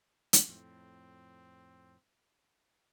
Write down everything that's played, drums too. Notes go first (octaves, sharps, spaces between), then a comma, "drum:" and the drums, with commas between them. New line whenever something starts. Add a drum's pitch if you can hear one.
drum: hi-hat
F2 A2 C4